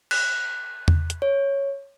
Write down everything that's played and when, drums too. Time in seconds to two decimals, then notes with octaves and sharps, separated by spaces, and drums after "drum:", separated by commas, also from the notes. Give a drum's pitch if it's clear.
0.11 F#6, drum: cymbal
0.88 drum: tom E2
1.10 drum: hi-hat
1.22 C#5